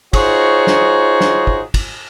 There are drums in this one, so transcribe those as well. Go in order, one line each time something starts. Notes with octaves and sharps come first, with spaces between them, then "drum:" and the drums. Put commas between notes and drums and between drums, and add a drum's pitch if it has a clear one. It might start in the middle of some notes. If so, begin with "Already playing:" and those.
D#4 F4 F#4 G#4 C5 C#5, drum: kick, cymbal
drum: snare
drum: snare
drum: kick
drum: kick, cymbal